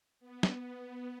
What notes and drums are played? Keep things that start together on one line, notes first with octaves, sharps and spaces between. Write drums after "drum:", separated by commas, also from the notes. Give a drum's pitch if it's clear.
B3
drum: snare